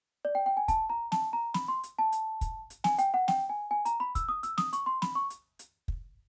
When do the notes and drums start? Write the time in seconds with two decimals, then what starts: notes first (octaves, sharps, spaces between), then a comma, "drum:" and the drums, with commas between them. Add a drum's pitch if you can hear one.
0.25 D5
0.35 G5
0.46 G5
0.57 G#5
0.68 A5, drum: kick, hi-hat
0.90 A#5
1.12 A5, drum: snare
1.33 A#5
1.54 B5, drum: snare
1.68 C6
1.83 drum: hi-hat
1.99 A5
2.12 drum: hi-hat
2.41 drum: kick, hi-hat
2.70 drum: hi-hat
2.84 G#5, drum: snare
2.99 G5, drum: hi-hat
3.14 F#5
3.28 G5, drum: snare
3.49 G#5
3.71 G#5
3.85 A#5, drum: hi-hat
4.00 B5
4.15 E6, drum: kick, hi-hat
4.29 D#6
4.43 E6, drum: hi-hat
4.58 D#6, drum: snare
4.73 C#6, drum: hi-hat
4.86 C6
5.02 B5, drum: snare
5.15 C#6
5.30 drum: hi-hat
5.59 drum: hi-hat
5.88 drum: kick